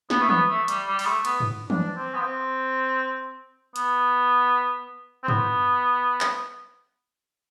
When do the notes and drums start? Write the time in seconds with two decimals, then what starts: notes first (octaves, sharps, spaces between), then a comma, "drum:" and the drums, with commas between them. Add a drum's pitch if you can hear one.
0.10 B3, drum: snare
0.21 A3
0.29 B3, drum: tom E3
0.49 A3
0.68 G3, drum: hi-hat
0.87 G3
0.99 G3, drum: open hi-hat
1.06 A3
1.25 B3, drum: cymbal
1.40 drum: tom G2
1.70 D4, drum: tom E3
1.96 C4
2.14 B3
2.21 C4
3.76 B3, drum: hi-hat
5.23 C4
5.28 B3, drum: tom G2
6.21 drum: clap